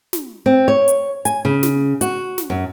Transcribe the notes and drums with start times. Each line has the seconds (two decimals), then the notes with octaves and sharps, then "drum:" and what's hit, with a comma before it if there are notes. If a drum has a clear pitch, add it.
0.13 drum: snare
0.46 C4
0.68 C#5
0.88 drum: hi-hat
1.25 G#5, drum: hi-hat
1.45 C#3
1.63 drum: snare
2.01 F#4, drum: hi-hat
2.38 drum: snare
2.50 F#2